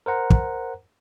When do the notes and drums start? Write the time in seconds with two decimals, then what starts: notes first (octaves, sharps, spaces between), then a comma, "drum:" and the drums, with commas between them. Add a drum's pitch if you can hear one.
0.06 A#4 C5 F#5 A#5
0.30 drum: kick